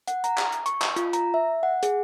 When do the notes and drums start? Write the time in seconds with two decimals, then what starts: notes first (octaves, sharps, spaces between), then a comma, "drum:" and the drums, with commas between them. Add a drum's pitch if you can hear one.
0.08 F#5, drum: hi-hat
0.24 A#5, drum: hi-hat
0.38 drum: clap
0.52 drum: hi-hat
0.66 C#6, drum: hi-hat
0.82 drum: clap
0.96 F4, drum: hi-hat
1.13 A#5, drum: hi-hat
1.34 E5
1.63 F#5
1.83 G#4, drum: hi-hat